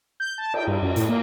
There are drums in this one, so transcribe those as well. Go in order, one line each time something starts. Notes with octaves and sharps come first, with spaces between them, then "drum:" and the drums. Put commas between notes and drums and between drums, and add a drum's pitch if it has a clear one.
G6
A5
G5, drum: cymbal
G2
F#2
A2, drum: hi-hat
A#3